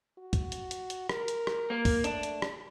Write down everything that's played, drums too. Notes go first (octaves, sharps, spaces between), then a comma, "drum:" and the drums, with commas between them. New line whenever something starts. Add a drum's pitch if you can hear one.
F#4
drum: kick, hi-hat
drum: hi-hat
drum: hi-hat
drum: hi-hat
A#4, drum: rim click
drum: hi-hat
drum: rim click
A#3
drum: kick, open hi-hat
A3 D4, drum: hi-hat
drum: hi-hat
drum: rim click